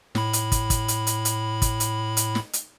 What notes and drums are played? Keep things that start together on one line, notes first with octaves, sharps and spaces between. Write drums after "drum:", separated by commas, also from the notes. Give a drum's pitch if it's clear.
A2 B5, drum: snare
drum: hi-hat
drum: kick, hi-hat
drum: kick, hi-hat
drum: hi-hat
drum: hi-hat
drum: hi-hat
drum: kick, hi-hat
drum: hi-hat
drum: hi-hat
drum: snare
drum: hi-hat